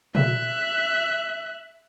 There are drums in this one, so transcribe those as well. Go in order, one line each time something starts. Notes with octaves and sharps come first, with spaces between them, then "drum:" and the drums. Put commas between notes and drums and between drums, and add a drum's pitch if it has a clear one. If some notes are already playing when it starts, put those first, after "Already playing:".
E5 F#6, drum: tom